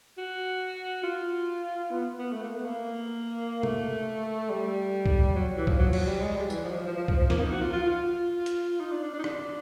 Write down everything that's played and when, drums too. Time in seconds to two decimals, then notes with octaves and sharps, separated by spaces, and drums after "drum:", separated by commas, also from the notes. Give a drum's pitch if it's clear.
0.18 F#4
1.04 F4
1.91 B3
2.19 B3
2.33 A3
2.44 A#3
2.55 B3
2.65 A#3
3.63 A3, drum: tom C3
4.50 G3
5.06 drum: kick C2
5.36 F#3
5.57 E3
5.67 F3, drum: kick C2
5.79 F#3
5.93 F#3, drum: cymbal
6.07 G3
6.21 G#3
6.37 G3
6.50 E3, drum: tambourine
6.65 F3
6.72 F#3
6.76 F3
6.87 F3
6.98 F3
7.08 F3, drum: kick C2
7.19 F3
7.30 A#3, drum: snare
7.40 D#4
7.51 F#4
7.62 F4
7.73 F4
7.83 F4
8.46 drum: hi-hat
8.80 D#4
8.92 D4
9.03 D4
9.14 D4
9.19 D#4
9.24 D4, drum: rim click